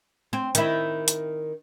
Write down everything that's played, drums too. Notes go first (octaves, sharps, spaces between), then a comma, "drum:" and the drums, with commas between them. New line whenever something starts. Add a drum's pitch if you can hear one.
C4
D#3 E4, drum: hi-hat
drum: hi-hat